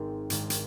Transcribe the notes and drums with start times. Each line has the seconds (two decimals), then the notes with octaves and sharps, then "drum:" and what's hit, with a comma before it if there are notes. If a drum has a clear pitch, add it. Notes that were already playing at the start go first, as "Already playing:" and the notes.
Already playing: G#1 G#2 G#3 C4
0.30 G#1 G#2 G#3 C4, drum: hi-hat
0.50 drum: hi-hat